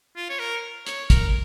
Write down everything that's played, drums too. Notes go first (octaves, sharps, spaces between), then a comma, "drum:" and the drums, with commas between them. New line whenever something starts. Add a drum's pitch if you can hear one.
F4
C#5
A#4
C#5, drum: hi-hat
A#4, drum: kick, hi-hat